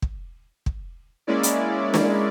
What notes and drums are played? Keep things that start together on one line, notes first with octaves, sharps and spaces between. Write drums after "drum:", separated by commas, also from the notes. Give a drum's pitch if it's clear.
drum: kick
drum: kick
G#3 A#3 C#4 E4 D5
drum: hi-hat
drum: snare